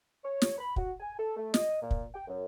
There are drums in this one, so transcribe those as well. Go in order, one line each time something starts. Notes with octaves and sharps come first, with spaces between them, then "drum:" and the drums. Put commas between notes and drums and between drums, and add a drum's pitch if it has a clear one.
C#5
drum: snare
B5
F#4, drum: kick
G#5
A4
A3
D#5, drum: snare
A#2
drum: kick
G5
F#2